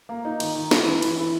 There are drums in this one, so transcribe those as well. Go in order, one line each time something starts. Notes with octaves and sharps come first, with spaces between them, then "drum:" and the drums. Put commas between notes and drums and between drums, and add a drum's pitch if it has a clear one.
A#3
D#4
D#3, drum: cymbal
D#3
E4, drum: snare
E3
E4, drum: cymbal
E4